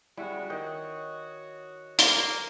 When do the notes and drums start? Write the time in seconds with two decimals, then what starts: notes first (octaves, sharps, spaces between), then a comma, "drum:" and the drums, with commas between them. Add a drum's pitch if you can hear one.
0.18 C#3 G3 G#3 E4 F#4
0.50 D#3 F#4 C#5 D#5 G5
1.99 A#3, drum: hi-hat